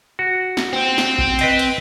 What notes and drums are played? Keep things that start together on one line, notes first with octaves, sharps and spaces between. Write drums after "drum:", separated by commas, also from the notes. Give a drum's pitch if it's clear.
F#4
drum: snare
C4
drum: snare
drum: kick A1
B4 D#5 G5, drum: cymbal
drum: cymbal